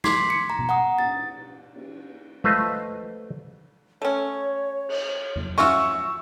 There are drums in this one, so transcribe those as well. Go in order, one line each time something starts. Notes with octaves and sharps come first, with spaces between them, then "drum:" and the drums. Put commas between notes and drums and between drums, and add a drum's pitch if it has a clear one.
C6 D6 G#6 B6 C7, drum: snare
C#7
A#5
drum: tom B2
F#5 A#5 D#6
A6, drum: cymbal
drum: cymbal
A3 B4 C5 D#5 F5, drum: tom G#3
A3 C#4 C#5
drum: cymbal
drum: tom E2
C#4 F4 F#4 E5 C#6 E6, drum: snare